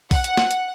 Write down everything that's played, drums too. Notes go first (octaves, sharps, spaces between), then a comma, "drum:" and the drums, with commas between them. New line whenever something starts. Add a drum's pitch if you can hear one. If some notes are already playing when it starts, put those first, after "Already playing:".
F#5, drum: kick, open hi-hat
drum: hi-hat
drum: snare
drum: hi-hat